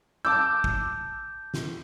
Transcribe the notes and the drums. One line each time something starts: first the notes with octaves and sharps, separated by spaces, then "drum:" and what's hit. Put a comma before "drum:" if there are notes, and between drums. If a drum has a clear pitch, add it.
A5 D6 E6 G6
drum: kick
drum: snare